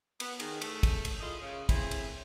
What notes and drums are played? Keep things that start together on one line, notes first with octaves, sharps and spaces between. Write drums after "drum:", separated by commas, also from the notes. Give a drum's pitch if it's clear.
B3, drum: cymbal
D#3 G#4, drum: cymbal
E2 A3 G#4 A4, drum: cymbal
drum: kick, cymbal
drum: cymbal
E4 F4 G#4 A4 D#5
C#3
A3 C4 C#4 E4 G#4 B4, drum: kick, cymbal
drum: cymbal